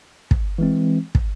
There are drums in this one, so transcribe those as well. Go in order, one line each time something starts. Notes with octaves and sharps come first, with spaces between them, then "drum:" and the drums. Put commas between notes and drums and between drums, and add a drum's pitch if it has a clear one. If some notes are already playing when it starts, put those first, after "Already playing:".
drum: kick
E3 G#3 C4
drum: kick